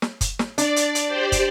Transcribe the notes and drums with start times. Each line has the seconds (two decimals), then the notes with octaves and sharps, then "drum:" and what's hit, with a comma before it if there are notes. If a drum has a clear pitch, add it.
0.02 drum: snare
0.21 drum: kick, hi-hat
0.39 drum: snare
0.58 D4 D5, drum: hi-hat
0.76 drum: hi-hat
0.95 drum: hi-hat
1.07 G4 C5 D5
1.32 drum: kick, hi-hat